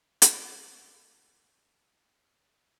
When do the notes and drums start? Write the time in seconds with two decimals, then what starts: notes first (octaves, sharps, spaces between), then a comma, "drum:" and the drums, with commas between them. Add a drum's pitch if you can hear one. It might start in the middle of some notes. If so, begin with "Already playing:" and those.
0.22 A#4 D#5 F#5, drum: hi-hat